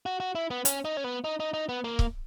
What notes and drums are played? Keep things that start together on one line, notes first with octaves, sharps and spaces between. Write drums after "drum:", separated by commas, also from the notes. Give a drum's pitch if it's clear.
F#4
F#4
E4
B3
C#4, drum: hi-hat
D#4
C#4
B3
D#4
D#4
D#4
B3
A#3
drum: kick C#1